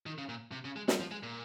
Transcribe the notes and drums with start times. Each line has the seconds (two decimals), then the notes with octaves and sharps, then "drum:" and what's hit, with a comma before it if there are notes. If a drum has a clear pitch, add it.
0.06 D#3
0.18 C#3
0.29 A#2
0.52 C3
0.65 C#3
0.76 G#3
0.88 G3, drum: snare
1.00 F3
1.11 G#3
1.23 A#2